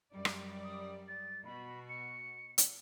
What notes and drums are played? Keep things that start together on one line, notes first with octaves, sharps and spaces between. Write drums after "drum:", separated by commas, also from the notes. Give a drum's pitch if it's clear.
F#2 G3 D5
drum: rim click
D#6
A6
B2 F#4 B5
C#7
drum: hi-hat